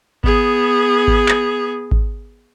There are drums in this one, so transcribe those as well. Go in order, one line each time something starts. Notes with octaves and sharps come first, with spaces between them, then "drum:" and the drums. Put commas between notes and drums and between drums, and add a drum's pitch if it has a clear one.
B3 G#4, drum: kick G#1
drum: kick G#1
drum: clap
drum: kick G#1